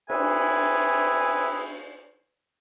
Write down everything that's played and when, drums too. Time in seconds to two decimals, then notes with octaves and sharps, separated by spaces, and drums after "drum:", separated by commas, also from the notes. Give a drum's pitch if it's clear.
0.10 C4 G#4 B4 E5 G#5, drum: cymbal
1.13 drum: hi-hat